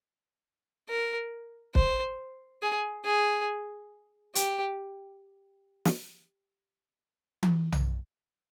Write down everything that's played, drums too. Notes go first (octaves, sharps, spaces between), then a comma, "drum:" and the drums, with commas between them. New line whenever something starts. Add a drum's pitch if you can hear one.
A#4
C5, drum: kick
G#4
G#4
G4, drum: hi-hat
drum: snare
drum: tom E3
drum: tom B1